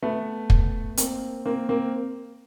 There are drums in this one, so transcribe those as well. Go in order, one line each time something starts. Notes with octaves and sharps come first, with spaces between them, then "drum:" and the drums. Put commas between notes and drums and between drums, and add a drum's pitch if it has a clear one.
A3 B3
drum: kick
A#3 C4, drum: hi-hat
A#3 C4
A#3 C4